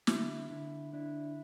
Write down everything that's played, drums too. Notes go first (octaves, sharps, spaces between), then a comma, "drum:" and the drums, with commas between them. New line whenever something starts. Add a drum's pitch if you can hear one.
D3 E4, drum: snare
D3 E4
D4 E4